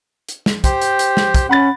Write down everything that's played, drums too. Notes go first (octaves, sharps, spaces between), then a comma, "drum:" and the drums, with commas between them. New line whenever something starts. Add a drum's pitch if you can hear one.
drum: hi-hat
drum: snare
G4 C5 G5, drum: kick, hi-hat
drum: hi-hat
drum: hi-hat
drum: snare
drum: kick, hi-hat
C#4 F#5 B5 A6